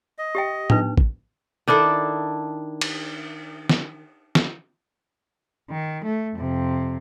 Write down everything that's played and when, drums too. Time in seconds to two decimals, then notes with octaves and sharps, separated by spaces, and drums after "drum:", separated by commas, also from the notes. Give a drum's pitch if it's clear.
0.18 D#5
0.35 G4 E5 G5
0.70 D4 D#4 B4, drum: tom A2
0.97 drum: kick A1
1.68 D#3 D4 E4 A4
2.81 drum: cymbal
3.69 drum: snare
4.35 drum: snare
5.70 D#3
6.05 A3
6.36 F2 C3